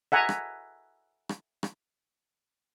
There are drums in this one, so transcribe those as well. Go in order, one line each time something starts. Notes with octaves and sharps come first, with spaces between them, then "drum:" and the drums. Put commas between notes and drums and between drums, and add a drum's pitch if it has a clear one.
E5 F#5 G#5 A#5
drum: rim click
drum: rim click
drum: rim click